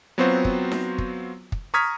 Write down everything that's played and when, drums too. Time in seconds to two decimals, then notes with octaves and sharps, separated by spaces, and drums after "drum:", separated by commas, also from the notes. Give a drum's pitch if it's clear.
0.18 F#3 B3 C4 F4 F#4 C5
0.45 drum: kick
0.72 drum: snare D#4
0.98 drum: kick
1.52 drum: kick
1.74 A#5 C#6 D#6 F6 G#6 B6